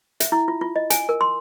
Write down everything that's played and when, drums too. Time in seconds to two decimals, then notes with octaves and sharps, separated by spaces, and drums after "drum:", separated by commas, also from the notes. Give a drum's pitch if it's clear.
0.20 E5, drum: hi-hat
0.32 E4
0.48 F4
0.61 F4
0.76 D#5
0.90 G#5, drum: hi-hat
1.09 A#4
1.21 C6